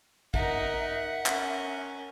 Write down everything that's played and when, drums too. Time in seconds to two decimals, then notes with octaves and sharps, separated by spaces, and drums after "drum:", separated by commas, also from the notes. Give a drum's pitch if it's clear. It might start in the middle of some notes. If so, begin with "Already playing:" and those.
0.34 D#4 A#4 E5 F#5, drum: kick A1
1.26 C#4 A#4, drum: clap